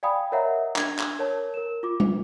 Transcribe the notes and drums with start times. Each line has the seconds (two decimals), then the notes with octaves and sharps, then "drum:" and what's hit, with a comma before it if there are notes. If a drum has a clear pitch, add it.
0.03 D5 F5 G5 G#5 B5 D#6
0.32 A#4 C#5 D#5 E5 F#5 A#5
0.76 D4 G#6, drum: clap
0.99 drum: clap
1.19 A#4 C#5 A5
1.54 A#4 E7
1.83 F4 D6
2.00 drum: tom G3